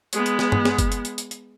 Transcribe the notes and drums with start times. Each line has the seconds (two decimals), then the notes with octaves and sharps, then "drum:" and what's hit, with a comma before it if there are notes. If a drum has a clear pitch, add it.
0.13 G#3 B3, drum: hi-hat
0.26 drum: hi-hat
0.39 drum: snare
0.52 drum: tom G2
0.65 drum: snare
0.78 drum: kick F#1, hi-hat
0.92 drum: hi-hat
1.05 drum: hi-hat
1.18 drum: hi-hat
1.31 drum: hi-hat